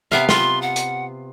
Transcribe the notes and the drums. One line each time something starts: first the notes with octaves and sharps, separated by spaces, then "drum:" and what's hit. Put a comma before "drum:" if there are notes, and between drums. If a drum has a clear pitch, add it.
C3 B3 E5 F5
F4 C6, drum: snare
F#5
drum: hi-hat